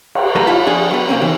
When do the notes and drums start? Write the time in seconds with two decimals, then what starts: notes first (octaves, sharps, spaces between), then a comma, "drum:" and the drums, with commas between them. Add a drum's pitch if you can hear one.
0.15 drum: cymbal
0.35 A2 F#3 G4 A4 B4 A#5
0.47 E4 F4 A5 B5
0.66 F2 D4 G#4
0.91 F#3 B3
1.09 C3 A#3 C4 C#4
1.21 B2 D#3 E3 C4